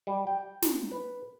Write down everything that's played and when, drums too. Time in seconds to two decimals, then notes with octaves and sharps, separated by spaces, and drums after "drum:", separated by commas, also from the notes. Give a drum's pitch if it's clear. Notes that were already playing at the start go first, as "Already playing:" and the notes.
0.07 G3
0.27 G5
0.62 drum: snare
0.91 B4